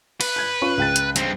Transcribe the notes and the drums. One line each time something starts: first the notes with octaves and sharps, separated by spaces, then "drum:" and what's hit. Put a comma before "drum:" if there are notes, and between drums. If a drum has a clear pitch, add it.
B4, drum: cymbal
G6 G#6
C#4 F4 C#6
C#2 G5 A6
drum: hi-hat
G2 C4, drum: hi-hat